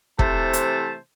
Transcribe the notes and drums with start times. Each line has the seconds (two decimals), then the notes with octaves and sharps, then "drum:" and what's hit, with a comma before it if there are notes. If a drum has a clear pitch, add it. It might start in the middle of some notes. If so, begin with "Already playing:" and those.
0.19 C3 E3 A3 C5 A5, drum: kick
0.53 drum: hi-hat